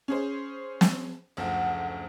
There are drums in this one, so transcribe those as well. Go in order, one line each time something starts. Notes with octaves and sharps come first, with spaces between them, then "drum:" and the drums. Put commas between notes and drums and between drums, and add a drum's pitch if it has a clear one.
C#4 G#4 C5
drum: snare
F#1 D2 F3 F#5